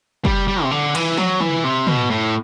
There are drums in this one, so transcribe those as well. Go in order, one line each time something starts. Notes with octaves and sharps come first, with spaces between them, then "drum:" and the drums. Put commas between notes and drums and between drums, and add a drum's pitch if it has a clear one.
G3, drum: kick
G3
C3
D3
E3, drum: cymbal
F#3, drum: snare
E3, drum: tom
C3
B2, drum: tom
A2